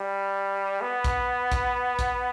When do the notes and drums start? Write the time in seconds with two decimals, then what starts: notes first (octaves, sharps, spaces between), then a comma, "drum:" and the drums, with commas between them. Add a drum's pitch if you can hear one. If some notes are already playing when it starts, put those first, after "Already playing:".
Already playing: G3
0.81 B3
1.04 drum: kick A#1, hi-hat
1.52 drum: kick A#1, hi-hat
1.99 drum: kick A#1, hi-hat